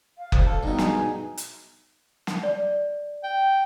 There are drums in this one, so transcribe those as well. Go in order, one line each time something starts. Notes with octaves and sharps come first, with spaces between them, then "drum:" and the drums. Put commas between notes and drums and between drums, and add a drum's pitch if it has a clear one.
F5
D2, drum: kick F#1
A4
G2 B2 G3 D#4
G#4, drum: snare
drum: hi-hat
drum: snare
D5
G5